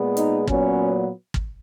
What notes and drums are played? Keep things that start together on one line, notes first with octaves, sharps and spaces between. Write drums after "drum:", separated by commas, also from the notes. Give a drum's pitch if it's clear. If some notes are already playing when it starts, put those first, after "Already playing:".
Already playing: A#2 G#3 B3
D#4, drum: hi-hat
A#2 F#3 B3 C#4, drum: kick
drum: kick